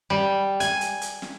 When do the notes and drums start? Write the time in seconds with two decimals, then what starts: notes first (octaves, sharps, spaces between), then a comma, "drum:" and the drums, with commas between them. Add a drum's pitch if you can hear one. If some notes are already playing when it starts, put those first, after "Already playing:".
0.10 G3
0.60 G#5, drum: hi-hat
0.81 drum: hi-hat
1.01 drum: hi-hat
1.22 drum: snare